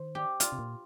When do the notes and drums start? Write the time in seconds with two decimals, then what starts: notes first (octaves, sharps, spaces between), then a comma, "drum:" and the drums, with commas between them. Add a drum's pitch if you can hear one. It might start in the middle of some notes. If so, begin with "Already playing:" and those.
Already playing: D#3 C5
0.15 G4
0.40 F4, drum: hi-hat
0.52 C3
0.59 A#2